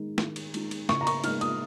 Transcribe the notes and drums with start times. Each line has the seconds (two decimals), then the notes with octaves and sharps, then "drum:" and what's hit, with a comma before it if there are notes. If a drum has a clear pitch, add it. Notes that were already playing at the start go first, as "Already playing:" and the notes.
Already playing: D#3 G#3 D#4
0.18 D#3, drum: snare
0.36 drum: cymbal
0.54 G#3 D#4, drum: cymbal
0.71 drum: cymbal
0.89 C#3 C#6, drum: snare
1.01 A#5
1.07 C#6, drum: cymbal
1.24 G#3 D#4 F6, drum: cymbal
1.41 D#6, drum: cymbal